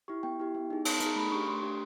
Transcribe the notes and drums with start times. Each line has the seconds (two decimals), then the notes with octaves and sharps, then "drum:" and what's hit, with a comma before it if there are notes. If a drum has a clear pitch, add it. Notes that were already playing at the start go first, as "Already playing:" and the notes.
0.08 E4 G4 C#6
0.23 B3 G5
0.40 E4 G4
0.55 B3
0.70 D#4 G#4
0.85 B3 A5, drum: cymbal
1.00 D#4 A#5, drum: hi-hat
1.05 G#4
1.16 A3 B5
1.32 D4 G4 C#6
1.47 A3 C6
1.62 D4 G4